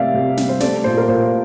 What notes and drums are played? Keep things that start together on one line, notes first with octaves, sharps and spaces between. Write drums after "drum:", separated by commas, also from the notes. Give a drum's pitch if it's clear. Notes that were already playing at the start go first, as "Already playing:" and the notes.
Already playing: C3 G3 A#3 D5 E5 F5
C3
G3, drum: snare
C5
A3 D5, drum: snare
A#2 C5
A#4
A#2 C5